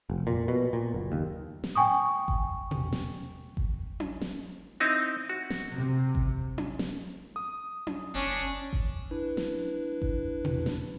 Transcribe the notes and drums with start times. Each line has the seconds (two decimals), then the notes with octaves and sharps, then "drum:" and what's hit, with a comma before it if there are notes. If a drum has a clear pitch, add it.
0.10 F1
0.27 A#2
0.48 B2
0.73 A#2
0.94 F#1
1.12 D#2
1.64 drum: snare
1.75 G5 G#5 C#6 D#6
2.28 drum: kick G1
2.71 drum: tom
2.93 drum: snare
3.57 drum: kick G1
4.00 drum: tom C#4
4.21 drum: snare
4.80 C4 D#4 E4
5.29 F#4
5.50 drum: snare
5.72 C3
6.15 drum: kick G1
6.58 drum: tom C#4
6.79 drum: snare
7.36 D#6
7.87 drum: tom C#4
8.15 F#1 C#4 D4
8.73 drum: kick G1
9.11 D4 E4 B4
9.37 drum: snare
10.02 drum: kick G1
10.45 drum: tom
10.66 drum: snare